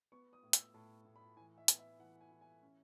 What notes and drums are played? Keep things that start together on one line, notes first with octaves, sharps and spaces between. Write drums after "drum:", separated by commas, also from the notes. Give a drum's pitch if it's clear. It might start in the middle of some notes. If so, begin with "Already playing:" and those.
B3 C#6
D#6
A2
E6, drum: hi-hat
A2 A5
A2
B5
E3 G#5
E5
B3, drum: hi-hat
E5
E3 F#5
G#5
E3
G#5
C#4